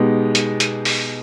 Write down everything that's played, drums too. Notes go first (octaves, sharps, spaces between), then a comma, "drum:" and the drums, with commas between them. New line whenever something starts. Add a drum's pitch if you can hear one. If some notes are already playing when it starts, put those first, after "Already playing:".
Already playing: B2 G#3 B3 D#4 G4
drum: hi-hat
drum: hi-hat
drum: open hi-hat